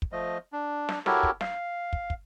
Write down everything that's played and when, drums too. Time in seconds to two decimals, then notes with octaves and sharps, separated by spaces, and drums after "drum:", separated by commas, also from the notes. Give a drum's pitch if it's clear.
0.02 drum: kick
0.12 F3 A3 D#5
0.53 D4
0.89 drum: snare
1.06 E4 F#4 G4 A4 A#4 C#5, drum: snare
1.23 drum: kick
1.41 F5, drum: snare
1.93 drum: kick
2.10 drum: kick